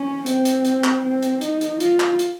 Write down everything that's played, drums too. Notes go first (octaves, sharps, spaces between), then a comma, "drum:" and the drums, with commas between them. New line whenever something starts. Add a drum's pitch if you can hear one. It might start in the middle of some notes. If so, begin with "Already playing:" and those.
Already playing: C#4
C4, drum: hi-hat
drum: hi-hat
drum: hi-hat
drum: clap
C4
drum: hi-hat
D#4, drum: hi-hat
drum: hi-hat
F4, drum: hi-hat
drum: clap
drum: hi-hat